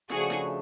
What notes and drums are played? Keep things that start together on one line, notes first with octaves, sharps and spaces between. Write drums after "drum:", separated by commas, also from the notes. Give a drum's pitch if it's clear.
C#3 F3 A3 D4 F#4 G#4, drum: snare
drum: snare